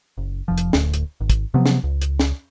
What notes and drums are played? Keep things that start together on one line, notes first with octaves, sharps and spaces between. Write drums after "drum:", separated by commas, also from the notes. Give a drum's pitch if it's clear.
F#1
F1 F3
drum: hi-hat
D1 D2, drum: snare
drum: hi-hat
G#1
drum: kick, hi-hat
C3 F3 F#3 B3
drum: snare
C#2
drum: hi-hat
drum: snare